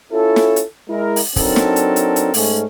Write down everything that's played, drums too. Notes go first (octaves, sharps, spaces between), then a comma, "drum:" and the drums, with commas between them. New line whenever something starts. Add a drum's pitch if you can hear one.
C#4 E4 F4 A4
drum: snare
drum: hi-hat
G#3 E4 A#4
drum: open hi-hat
F#3 C4 D4 D#4 A4 A#4, drum: kick, open hi-hat
drum: snare
drum: hi-hat
drum: hi-hat
drum: hi-hat
G#2 A3 C#4, drum: open hi-hat